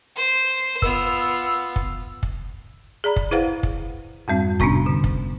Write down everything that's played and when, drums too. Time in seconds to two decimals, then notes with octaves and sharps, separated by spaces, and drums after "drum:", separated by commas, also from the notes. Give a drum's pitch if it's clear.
0.16 C5
0.82 B3 F4 E6, drum: kick
1.76 drum: kick
2.23 drum: kick
3.04 G#4 D5 A#5 B5
3.16 drum: kick
3.31 E4 G#4 B4 C5 F5 F#5
3.63 drum: kick
4.28 F2 G#2 G3 C4
4.60 A2 C3 B3 C#4 D4, drum: kick
4.86 D3
5.04 drum: kick